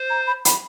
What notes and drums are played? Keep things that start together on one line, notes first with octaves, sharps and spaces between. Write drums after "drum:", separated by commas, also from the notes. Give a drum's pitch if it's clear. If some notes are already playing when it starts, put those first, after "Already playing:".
Already playing: C5
A#5
B5
B5, drum: hi-hat